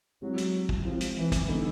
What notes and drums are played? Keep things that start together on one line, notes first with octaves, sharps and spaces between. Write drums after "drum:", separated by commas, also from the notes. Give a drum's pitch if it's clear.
F#3 G#3 C4 E4 G4
drum: hi-hat
drum: kick
F3 G#3 C4 E4 G4
drum: hi-hat
E3
drum: kick, hi-hat
D3 G3 B3 D#4